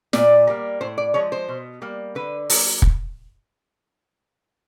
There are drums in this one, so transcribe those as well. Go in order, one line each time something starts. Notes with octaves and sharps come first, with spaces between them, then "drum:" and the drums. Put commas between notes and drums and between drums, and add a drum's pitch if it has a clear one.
A#2 D5, drum: snare
G3 A#3
A2 C5
D5
F3 G#3 C#5
C5
B2
G3 A#3
D3 B4
F#3 A#3, drum: open hi-hat
drum: kick